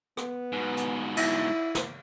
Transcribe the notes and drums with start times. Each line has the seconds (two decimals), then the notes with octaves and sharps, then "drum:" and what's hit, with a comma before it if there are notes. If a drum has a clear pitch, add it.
0.17 B3, drum: rim click
0.53 G#2 B2
0.77 drum: hi-hat
1.17 E4, drum: cymbal
1.75 drum: snare